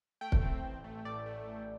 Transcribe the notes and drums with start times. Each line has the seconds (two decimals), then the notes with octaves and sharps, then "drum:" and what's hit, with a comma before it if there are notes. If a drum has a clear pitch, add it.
0.21 A3 G5
0.32 drum: kick
0.42 C4
0.63 A1
0.84 A3
1.05 A1 D5
1.26 A3
1.47 A1